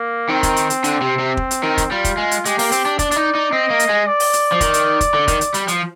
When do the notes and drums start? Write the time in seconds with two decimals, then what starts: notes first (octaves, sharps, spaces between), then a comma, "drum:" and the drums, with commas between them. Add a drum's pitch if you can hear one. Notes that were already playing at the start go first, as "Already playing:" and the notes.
Already playing: A#3
0.30 D#3 C4
0.43 drum: kick, hi-hat
0.56 drum: hi-hat
0.70 drum: hi-hat
0.84 D3, drum: hi-hat
1.01 C3
1.19 C3
1.37 drum: kick
1.51 drum: hi-hat
1.64 D#3
1.78 drum: kick, hi-hat
1.91 G3 F4
2.05 drum: kick, hi-hat
2.17 G#3
2.31 drum: hi-hat
2.45 G#3 G4, drum: hi-hat
2.59 A#3, drum: open hi-hat
2.72 C4, drum: hi-hat
2.86 D4
2.99 D4 D5, drum: kick, hi-hat
3.11 D4, drum: hi-hat
3.16 D#4
3.35 D#4
3.52 C4 D#5
3.70 A#3
3.79 drum: hi-hat
3.89 G#3
4.07 D5
4.20 drum: open hi-hat
4.33 drum: hi-hat
4.52 F3
4.61 D#3, drum: kick, hi-hat
4.74 drum: hi-hat
5.01 drum: kick, hi-hat
5.14 D3
5.28 D#3, drum: kick, hi-hat
5.41 drum: hi-hat
5.54 G3, drum: hi-hat
5.68 F3, drum: hi-hat